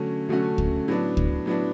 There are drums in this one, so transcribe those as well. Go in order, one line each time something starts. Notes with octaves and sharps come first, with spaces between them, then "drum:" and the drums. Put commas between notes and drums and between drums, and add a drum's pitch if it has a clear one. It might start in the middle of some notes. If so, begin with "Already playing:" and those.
Already playing: D3 F#3 A3 C#4 F#4
D3 F#3 A3 C#4 F#4
drum: kick
A2 F#3 B3 D4
drum: kick
A2 F#3 B3 D4